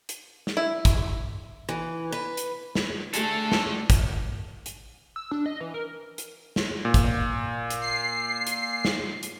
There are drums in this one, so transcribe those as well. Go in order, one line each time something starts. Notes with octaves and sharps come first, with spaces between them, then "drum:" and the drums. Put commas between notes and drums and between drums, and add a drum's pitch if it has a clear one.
drum: hi-hat
drum: snare
E4
drum: kick, hi-hat
E3
B4
drum: hi-hat
drum: snare
D3 A3 G#4 A4, drum: hi-hat
drum: snare
drum: kick, hi-hat
drum: hi-hat
E6
D4
D#5
E3
A#4
drum: hi-hat
drum: snare
A#2
drum: kick, hi-hat
drum: hi-hat
C7
drum: hi-hat
drum: snare
drum: hi-hat